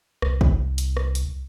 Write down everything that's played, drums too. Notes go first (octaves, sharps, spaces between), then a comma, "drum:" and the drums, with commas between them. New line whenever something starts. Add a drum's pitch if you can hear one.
C2, drum: rim click
drum: kick
drum: hi-hat
drum: rim click
drum: hi-hat